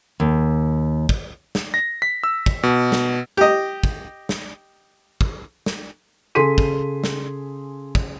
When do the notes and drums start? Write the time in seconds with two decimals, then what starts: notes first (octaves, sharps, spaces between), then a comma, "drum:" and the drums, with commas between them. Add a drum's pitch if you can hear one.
0.20 D#2
1.09 drum: kick
1.55 drum: snare
1.74 A#6
2.02 B6
2.24 E6
2.46 drum: kick
2.63 B2
2.92 drum: snare
3.37 G4 D#5
3.84 drum: kick
4.29 drum: snare
5.21 drum: kick
5.66 drum: snare
6.35 C#3 G#4 A4 C6 B6 D#7
6.58 drum: kick
7.04 drum: snare
7.95 drum: kick